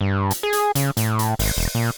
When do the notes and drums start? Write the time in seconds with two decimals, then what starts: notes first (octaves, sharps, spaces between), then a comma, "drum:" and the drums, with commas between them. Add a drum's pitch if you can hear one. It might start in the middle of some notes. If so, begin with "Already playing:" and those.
0.01 G2
0.31 drum: hi-hat
0.43 G#4
0.53 drum: hi-hat
0.75 C#3, drum: hi-hat
0.97 A2, drum: hi-hat
1.19 drum: hi-hat
1.39 G#1, drum: open hi-hat
1.57 E1
1.75 A#2